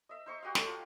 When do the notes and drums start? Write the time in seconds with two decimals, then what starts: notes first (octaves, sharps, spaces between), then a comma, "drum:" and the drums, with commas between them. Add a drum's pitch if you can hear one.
0.09 D#5 E5
0.26 D#4 C5 C#6
0.42 F#4 G4 D#5 F5
0.55 A4 C#5, drum: snare
0.67 F4